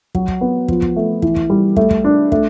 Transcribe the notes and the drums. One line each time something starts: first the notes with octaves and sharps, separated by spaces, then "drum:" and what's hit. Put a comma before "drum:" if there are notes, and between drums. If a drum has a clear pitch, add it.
F#3, drum: kick
drum: kick
B3
F3, drum: kick
drum: kick
A3
E3, drum: kick
drum: kick
G3
A3, drum: kick
drum: kick
D4
A3, drum: kick